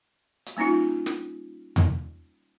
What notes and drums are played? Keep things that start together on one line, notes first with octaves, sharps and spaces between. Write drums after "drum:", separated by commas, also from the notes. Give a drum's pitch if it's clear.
drum: hi-hat
G3 A#3 C#4 D#4 F4
drum: snare
drum: tom E2